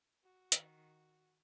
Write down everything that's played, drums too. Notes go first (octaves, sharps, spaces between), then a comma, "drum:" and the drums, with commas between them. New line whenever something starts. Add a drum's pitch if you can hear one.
F#4
D#3, drum: hi-hat